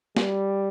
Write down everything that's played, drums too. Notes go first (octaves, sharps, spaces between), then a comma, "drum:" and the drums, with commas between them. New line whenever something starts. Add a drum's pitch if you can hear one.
G3, drum: snare